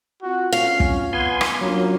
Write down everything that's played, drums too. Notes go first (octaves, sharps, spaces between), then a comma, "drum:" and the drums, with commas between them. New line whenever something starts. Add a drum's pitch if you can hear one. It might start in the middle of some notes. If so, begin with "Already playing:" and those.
C4 F4 F#4
C#4 F5
drum: kick
B3 G#5 C6
drum: rim click
F#3 A#3 C#4 D4 F4